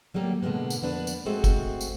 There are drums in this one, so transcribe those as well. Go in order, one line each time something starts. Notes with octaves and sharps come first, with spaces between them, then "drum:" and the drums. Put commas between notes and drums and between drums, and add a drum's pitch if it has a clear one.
F#3 G3 A3 A#3 G4
B2 D3 G#3 A#3 B3
drum: tambourine
F2 A#3 B3 D4 G4 B4
drum: tambourine
G#3 A3 C4 F#4 G#4 A4
drum: kick G1, tambourine
drum: tambourine